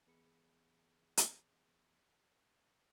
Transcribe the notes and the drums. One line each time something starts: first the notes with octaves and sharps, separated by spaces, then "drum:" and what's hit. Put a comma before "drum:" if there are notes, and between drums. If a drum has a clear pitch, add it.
E3 B3 G#4 B5 C#7
drum: hi-hat